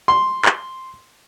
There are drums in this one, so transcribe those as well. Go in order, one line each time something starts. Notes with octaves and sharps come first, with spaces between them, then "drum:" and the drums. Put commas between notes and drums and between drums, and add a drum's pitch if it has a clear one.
C6
drum: clap